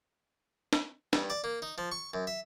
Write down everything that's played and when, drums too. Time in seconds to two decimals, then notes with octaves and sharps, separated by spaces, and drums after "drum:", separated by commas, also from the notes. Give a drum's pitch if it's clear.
0.73 drum: snare
1.13 G2, drum: snare
1.30 D5
1.44 A#3
1.62 D#4
1.78 F3
1.91 C#6
2.14 F#2
2.27 E5